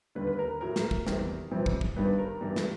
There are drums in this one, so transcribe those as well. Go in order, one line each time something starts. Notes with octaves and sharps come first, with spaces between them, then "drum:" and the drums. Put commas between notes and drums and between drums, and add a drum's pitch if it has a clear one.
D#2 D3 G3 B4
B4
A#4
A2 F#3 A#4
drum: snare
drum: kick
E2 C3 D#3 G3, drum: snare
F2 C3 E3 G3
drum: kick
drum: kick
G2 D#3 G3 B4
A#4
G2 E3 G3
drum: snare